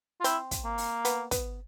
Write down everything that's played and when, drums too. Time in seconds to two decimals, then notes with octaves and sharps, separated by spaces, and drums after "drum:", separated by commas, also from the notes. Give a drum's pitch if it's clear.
0.20 F4
0.24 C4 E4, drum: hi-hat
0.51 drum: kick, hi-hat
0.65 A#3
0.78 drum: open hi-hat
1.05 B3, drum: hi-hat
1.31 B3, drum: kick, hi-hat